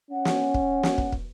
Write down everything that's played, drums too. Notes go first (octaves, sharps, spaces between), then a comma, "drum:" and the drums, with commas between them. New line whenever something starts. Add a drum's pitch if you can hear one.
C#4 F#5
drum: snare
drum: kick
drum: snare
drum: kick
drum: kick